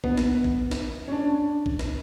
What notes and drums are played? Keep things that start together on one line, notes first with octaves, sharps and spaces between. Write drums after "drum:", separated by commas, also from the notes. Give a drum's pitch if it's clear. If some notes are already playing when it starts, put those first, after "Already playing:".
B3, drum: kick A1
drum: snare
drum: kick A1
drum: snare
C#4
D4
drum: kick A1
drum: snare